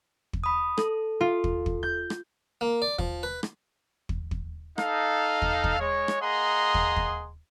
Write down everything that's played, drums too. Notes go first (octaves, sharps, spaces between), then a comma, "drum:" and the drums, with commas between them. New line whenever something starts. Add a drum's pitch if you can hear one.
drum: kick
B5 D#6
A4, drum: rim click
F4
drum: kick
drum: kick
G6
drum: rim click
A#3
D5
F3, drum: kick
B4
drum: rim click
drum: kick
drum: kick
D#4 A4 F5, drum: rim click
drum: kick
drum: kick
G#3 C#5
drum: rim click
A#3 G#4 D#5 F#5 A#5 C6
drum: kick
drum: kick